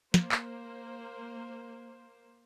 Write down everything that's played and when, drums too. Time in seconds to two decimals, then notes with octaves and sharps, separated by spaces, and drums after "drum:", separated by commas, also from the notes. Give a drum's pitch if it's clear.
0.14 A#3 C5, drum: snare
0.32 drum: clap